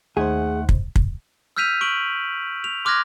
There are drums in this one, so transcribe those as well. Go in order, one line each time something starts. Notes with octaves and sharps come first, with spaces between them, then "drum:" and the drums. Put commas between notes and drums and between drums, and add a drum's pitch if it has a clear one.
D#2 A3 D#4 G#4 C5 F#5
drum: kick
drum: kick
E6 F6 G6 B6 D#7 F7
C#6 D7 F#7
F7
C6 D6 F6 F#6 G#6 A#6